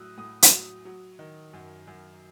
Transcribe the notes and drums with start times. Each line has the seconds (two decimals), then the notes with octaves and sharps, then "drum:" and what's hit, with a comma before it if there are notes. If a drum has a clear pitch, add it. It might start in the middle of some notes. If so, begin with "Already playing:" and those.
Already playing: A2 F#3 D#6 E6 F#6
0.18 A2 D#6
0.43 drum: hi-hat
0.52 F#3
0.85 F#3
1.19 D#3
1.53 F#2
1.88 F#2